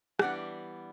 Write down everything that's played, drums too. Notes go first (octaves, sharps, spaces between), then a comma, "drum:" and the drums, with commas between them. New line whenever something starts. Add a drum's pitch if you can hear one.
E3 G3 B3 D4 F#5, drum: rim click